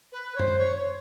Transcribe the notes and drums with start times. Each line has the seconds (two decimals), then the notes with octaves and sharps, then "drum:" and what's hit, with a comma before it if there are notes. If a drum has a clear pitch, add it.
0.12 B4
0.35 C#5
0.39 C5, drum: tom F#2
0.59 C#5
0.76 C#5